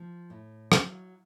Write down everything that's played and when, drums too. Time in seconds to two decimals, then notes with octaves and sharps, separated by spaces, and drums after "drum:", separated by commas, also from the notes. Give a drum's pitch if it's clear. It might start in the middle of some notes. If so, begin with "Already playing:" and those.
Already playing: F3
0.30 A2
0.72 F#3, drum: rim click